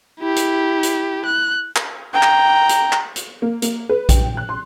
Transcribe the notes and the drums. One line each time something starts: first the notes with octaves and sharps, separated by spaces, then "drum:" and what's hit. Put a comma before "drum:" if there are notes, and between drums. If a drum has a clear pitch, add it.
E4 G4
drum: hi-hat
drum: hi-hat
F#6
drum: clap
G5 A#5
drum: clap
drum: hi-hat
drum: clap
drum: hi-hat
A#3
A#3, drum: hi-hat
B4
G5, drum: kick A#1, hi-hat
F#6
C6